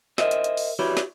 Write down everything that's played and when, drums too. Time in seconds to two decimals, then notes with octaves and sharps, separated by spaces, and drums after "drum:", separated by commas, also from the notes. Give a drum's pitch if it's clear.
0.18 A#4 C5 D#5 E5, drum: snare
0.31 drum: hi-hat
0.44 drum: hi-hat
0.57 drum: open hi-hat
0.79 E4 F#4 G4 B4 C#5 D5
0.97 drum: snare